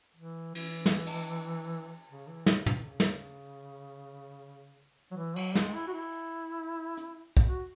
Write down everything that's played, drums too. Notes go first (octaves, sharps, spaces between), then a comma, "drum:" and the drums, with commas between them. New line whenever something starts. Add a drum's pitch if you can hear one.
E3
E3, drum: cymbal
drum: snare
drum: cymbal
C#3
E3
C#3, drum: snare
E3, drum: tom
C#3
drum: snare
F#3
E3
F#3, drum: cymbal
G#3, drum: snare
E4
F#4
E4
drum: hi-hat
drum: kick
F#4